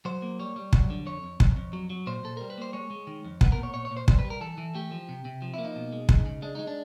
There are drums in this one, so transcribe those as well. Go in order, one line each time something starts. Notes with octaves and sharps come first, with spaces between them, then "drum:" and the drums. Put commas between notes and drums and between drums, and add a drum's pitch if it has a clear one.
F#3 C5
A#3
G3 C#5
G3
F#3, drum: kick
D3
F2 C#5
F2
F2, drum: kick
F2
F#3
F#3
A#2 C5
A#2 A4
G3 A#4
B4
A#3 C5
G#3 C#5
G#3
D#3
F2
B3 B4, drum: kick
A#4
A#2
C#5
A#2 C#5
C#5
A#2
C5
G3 C5, drum: kick
B4
G3
A#4
E3 A4
E3
A3 G4
F3
C3
C3
F3
A#3 E4
D#4
B2
G#3
C#3, drum: kick
C#3
G#3 D4
G#3 D#4
D4